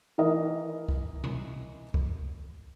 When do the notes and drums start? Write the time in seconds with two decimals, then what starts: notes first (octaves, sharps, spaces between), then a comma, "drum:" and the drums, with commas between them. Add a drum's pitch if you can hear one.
0.18 E3 A#4 D#5
0.89 drum: kick C2
1.24 drum: tom B2
1.94 drum: kick C2